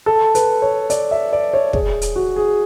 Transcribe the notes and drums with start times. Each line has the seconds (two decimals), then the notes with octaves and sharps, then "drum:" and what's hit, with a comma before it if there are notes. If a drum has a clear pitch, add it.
0.06 A4
0.35 B4, drum: hi-hat
0.62 C#5
0.90 D5, drum: hi-hat
1.11 E5
1.33 D5
1.53 C#5
1.73 G#4, drum: kick
2.02 drum: hi-hat
2.16 F#4
2.36 G#4